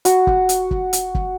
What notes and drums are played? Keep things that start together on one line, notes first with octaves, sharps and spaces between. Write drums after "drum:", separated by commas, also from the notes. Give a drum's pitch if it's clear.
F#4, drum: hi-hat
drum: kick
drum: hi-hat
drum: kick
drum: hi-hat
drum: kick